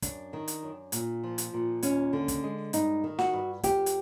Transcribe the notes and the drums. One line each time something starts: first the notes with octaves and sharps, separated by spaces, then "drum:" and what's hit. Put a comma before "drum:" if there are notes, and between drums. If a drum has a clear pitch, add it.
F#2 D4, drum: kick, hi-hat
D#3
drum: hi-hat
F#2
A#2, drum: hi-hat
F3
drum: hi-hat
A#2
D#2 C#4, drum: hi-hat
D3
drum: kick, hi-hat
G#3
G2 D#4, drum: hi-hat
D#3
F#4, drum: snare
G2
F2 G4, drum: kick, hi-hat
drum: hi-hat